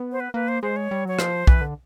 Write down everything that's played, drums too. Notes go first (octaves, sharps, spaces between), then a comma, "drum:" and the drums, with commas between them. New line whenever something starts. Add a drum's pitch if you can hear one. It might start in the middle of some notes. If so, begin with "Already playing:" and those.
Already playing: B3
C5
B4
A#3 B4
C5
G#3 C5
C#5
G3
F#3 C#5
F3 C5, drum: rim click
E3 B4, drum: kick B1
D3